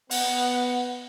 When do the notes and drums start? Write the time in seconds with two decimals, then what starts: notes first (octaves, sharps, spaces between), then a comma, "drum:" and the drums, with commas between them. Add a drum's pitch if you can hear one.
0.11 B3 F#5, drum: open hi-hat